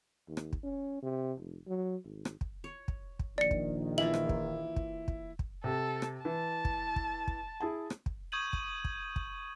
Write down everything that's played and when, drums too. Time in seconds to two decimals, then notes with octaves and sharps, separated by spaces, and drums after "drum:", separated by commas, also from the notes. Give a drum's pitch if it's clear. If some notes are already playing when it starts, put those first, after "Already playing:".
0.28 D#2
0.37 drum: rim click
0.53 drum: kick
0.63 C#4
1.03 C3
1.39 F1
1.67 F#3
2.05 G#1
2.25 drum: rim click
2.41 drum: kick
2.64 C#5
2.88 drum: kick
3.19 drum: kick
3.38 A#1 D#3 D5 C#7
3.51 drum: kick
3.98 E3 A#3 E4 F4 F#7
4.14 drum: rim click
4.29 drum: kick
4.76 drum: kick
5.08 drum: kick
5.39 drum: kick
5.64 C3 A4
6.02 drum: rim click
6.25 E3 A5
6.65 drum: kick
6.96 drum: kick
7.27 drum: kick
7.60 E4 G#4 A5
7.90 drum: rim click
8.06 drum: kick
8.32 C#6 D#6 G6 G#6 D#7 F#7
8.53 drum: kick
8.84 drum: kick
9.16 drum: kick